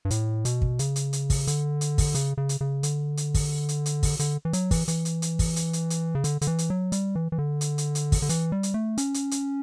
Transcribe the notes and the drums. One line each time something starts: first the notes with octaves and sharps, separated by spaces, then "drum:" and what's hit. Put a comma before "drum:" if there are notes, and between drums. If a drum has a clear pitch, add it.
G2
A2, drum: hi-hat
B2, drum: hi-hat
drum: kick
C#3, drum: hi-hat
drum: hi-hat
drum: hi-hat
drum: kick, open hi-hat
D3, drum: hi-hat
drum: hi-hat
drum: kick, open hi-hat
C#3, drum: hi-hat
C#3
drum: hi-hat
C#3
D3, drum: hi-hat
drum: hi-hat
drum: kick, open hi-hat
drum: hi-hat
drum: hi-hat
drum: kick, open hi-hat
D3, drum: hi-hat
E3
F#3, drum: hi-hat
E3, drum: kick, open hi-hat
E3, drum: hi-hat
drum: hi-hat
drum: hi-hat
drum: kick, open hi-hat
drum: hi-hat
drum: hi-hat
drum: hi-hat
C#3
D3, drum: hi-hat
D3, drum: hi-hat
E3
drum: hi-hat
F#3
G3, drum: hi-hat
E3
E3
D3
drum: hi-hat
drum: hi-hat
drum: hi-hat
drum: kick, open hi-hat
D3
E3, drum: hi-hat
G3
drum: hi-hat
A3
C#4, drum: hi-hat
drum: hi-hat
drum: hi-hat